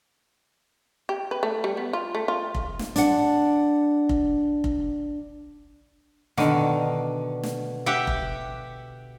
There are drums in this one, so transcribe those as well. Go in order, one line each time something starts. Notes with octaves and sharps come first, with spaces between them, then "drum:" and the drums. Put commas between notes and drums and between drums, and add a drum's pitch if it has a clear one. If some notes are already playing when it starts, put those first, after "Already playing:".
G4
B4
A3
G3
B3
F4
A3
F4
drum: kick F1
drum: snare
D4 F#5, drum: hi-hat
drum: kick F1
drum: kick F1
B2 D3 D#3, drum: snare
drum: snare
G4 E5 F#5 G5
drum: kick F1